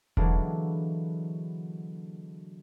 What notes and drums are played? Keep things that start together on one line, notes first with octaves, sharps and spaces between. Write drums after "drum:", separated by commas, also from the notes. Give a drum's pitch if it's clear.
D3 E3 F#3 G#3 A#3 D4, drum: kick E1